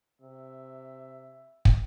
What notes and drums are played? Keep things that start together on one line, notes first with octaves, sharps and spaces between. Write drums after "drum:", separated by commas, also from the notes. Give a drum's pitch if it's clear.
C3 E5
drum: kick